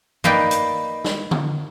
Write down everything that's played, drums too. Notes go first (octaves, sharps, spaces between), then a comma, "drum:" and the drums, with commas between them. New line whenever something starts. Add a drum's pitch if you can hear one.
A#3 D#4 B4 D5 G5, drum: tom
drum: hi-hat
drum: snare
drum: tom D3